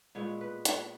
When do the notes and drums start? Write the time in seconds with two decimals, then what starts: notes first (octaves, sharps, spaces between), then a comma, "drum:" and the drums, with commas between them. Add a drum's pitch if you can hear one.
0.15 A#2 G#3 B3 C#5
0.41 B4
0.65 B4, drum: hi-hat